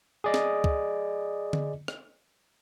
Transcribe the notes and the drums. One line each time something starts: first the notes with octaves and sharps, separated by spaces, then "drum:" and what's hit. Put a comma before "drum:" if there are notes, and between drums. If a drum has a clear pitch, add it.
G#4 D5 D#5
drum: snare
drum: kick
drum: tom D3
drum: rim click